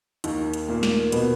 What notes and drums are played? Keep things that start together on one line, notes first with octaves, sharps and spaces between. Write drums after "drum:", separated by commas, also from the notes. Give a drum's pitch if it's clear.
D#2 D#3, drum: hi-hat
drum: hi-hat
A#2 A#3
drum: snare
B2 B3, drum: hi-hat